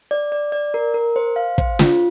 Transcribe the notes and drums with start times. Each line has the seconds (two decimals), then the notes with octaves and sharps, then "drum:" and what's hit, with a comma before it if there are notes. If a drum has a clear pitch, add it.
0.11 D5
0.32 D5
0.52 D5
0.74 A#4
0.94 A#4
1.16 C5
1.36 F5
1.58 C5, drum: kick
1.79 F4, drum: snare